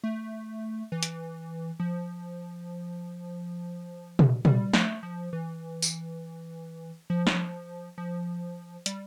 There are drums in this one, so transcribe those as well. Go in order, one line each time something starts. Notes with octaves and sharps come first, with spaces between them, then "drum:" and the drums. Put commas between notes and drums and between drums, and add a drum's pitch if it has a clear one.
A3
E3
drum: hi-hat
F3
drum: tom
G3, drum: tom
A3, drum: snare
F3
E3
drum: tambourine
F3
drum: snare
F3
G3, drum: hi-hat